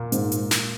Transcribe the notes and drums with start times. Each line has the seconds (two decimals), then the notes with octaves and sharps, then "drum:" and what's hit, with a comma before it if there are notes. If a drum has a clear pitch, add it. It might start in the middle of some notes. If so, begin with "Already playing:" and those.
Already playing: A#2 A#3
0.12 G#2, drum: hi-hat
0.32 drum: hi-hat
0.51 drum: snare